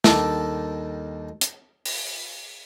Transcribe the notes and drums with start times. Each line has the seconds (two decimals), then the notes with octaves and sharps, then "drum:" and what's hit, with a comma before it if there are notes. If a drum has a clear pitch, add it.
0.04 D#2 D#3 G3 D4 A4, drum: snare
1.41 drum: hi-hat
1.85 drum: open hi-hat